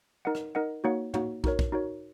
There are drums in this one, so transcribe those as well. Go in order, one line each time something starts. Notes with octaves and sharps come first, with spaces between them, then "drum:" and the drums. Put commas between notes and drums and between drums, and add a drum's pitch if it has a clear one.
D#4 A#4 D#5 F#5
drum: rim click
D#4 A#4 D#5 F#5
A#3 D#4 F#4 C#5 F#5
A#3 D#4 F#4 C#5 F#5, drum: tom
D#4 F#4 A#4 C#5, drum: kick
drum: kick
D#4 F#4 A#4 C#5